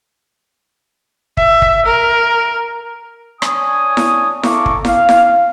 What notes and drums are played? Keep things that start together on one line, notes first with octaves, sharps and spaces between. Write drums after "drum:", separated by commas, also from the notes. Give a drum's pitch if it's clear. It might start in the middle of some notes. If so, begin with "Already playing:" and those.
E5, drum: kick
drum: kick
A#4
D4 C#5 G#5 D#6, drum: rim click
drum: snare E4
E4 A4 F5 A#5 C#6 D6, drum: snare E4
drum: kick
F5, drum: snare E4
drum: snare E4